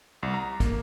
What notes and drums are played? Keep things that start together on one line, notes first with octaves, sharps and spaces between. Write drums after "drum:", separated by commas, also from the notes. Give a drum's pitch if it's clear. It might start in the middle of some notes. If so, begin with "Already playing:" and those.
C2
A#5
A#3, drum: kick, hi-hat